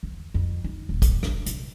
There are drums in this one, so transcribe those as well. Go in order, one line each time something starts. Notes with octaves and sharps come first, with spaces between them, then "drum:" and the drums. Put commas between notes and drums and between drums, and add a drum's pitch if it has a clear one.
E2
F2
D#4
D#1
drum: kick, hi-hat
D4, drum: rim click
C3, drum: hi-hat